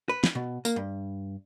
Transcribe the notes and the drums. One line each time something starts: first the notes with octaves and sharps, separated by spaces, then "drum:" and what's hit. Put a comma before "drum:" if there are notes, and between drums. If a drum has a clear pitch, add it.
B4
drum: snare
B2
A#3, drum: tambourine
G2